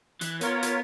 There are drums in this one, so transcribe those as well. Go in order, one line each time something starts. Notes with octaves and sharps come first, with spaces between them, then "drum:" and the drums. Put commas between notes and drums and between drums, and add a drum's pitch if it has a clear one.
E3 F#6, drum: hi-hat
B3 F4 A#4 C#5, drum: hi-hat
drum: hi-hat